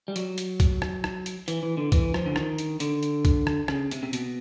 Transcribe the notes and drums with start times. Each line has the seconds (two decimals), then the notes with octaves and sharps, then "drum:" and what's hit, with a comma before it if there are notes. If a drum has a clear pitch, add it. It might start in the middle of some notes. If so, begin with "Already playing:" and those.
0.08 G3
0.16 F#3, drum: hi-hat
0.38 drum: hi-hat
0.60 drum: kick C2, hi-hat
0.82 drum: rim click
1.04 drum: rim click
1.26 drum: hi-hat
1.48 E3, drum: hi-hat
1.63 E3
1.77 D3
1.92 E3, drum: kick C2, hi-hat
2.14 F3, drum: rim click
2.26 D3
2.36 D#3, drum: rim click
2.58 drum: hi-hat
2.80 D3, drum: hi-hat
3.03 drum: hi-hat
3.25 drum: kick C2, hi-hat
3.47 drum: rim click
3.68 C#3, drum: rim click
3.91 C3, drum: hi-hat
4.03 C3
4.13 B2, drum: hi-hat